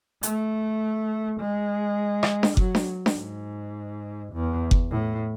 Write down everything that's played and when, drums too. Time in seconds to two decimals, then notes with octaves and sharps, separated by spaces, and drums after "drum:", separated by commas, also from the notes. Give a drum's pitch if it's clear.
0.23 A3, drum: hi-hat
1.40 G#3
2.23 drum: rim click
2.43 drum: snare D4
2.57 F#3, drum: kick F#1
2.75 drum: snare D4
3.06 drum: snare D4
3.16 G#2
4.33 E2
4.71 drum: kick F#1
4.91 A2